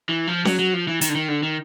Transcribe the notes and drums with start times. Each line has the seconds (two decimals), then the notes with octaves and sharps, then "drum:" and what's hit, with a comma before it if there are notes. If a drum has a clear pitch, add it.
0.09 E3
0.27 F3
0.45 F#3, drum: snare C#4
0.59 F#3
0.74 F3
0.88 E3
1.01 D#3, drum: hi-hat
1.09 D3
1.15 D#3
1.28 D3
1.43 D#3